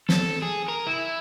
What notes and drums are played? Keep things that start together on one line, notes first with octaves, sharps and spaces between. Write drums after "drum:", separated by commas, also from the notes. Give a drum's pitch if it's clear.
A4, drum: snare
G#4
A#4
E4